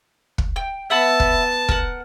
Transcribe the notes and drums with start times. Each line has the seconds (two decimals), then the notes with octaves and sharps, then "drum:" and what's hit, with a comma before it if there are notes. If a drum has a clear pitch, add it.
0.38 drum: kick
0.56 G5
0.90 B3 E5 F#5 A5 B5
1.20 drum: kick
1.69 A#4 F#5, drum: kick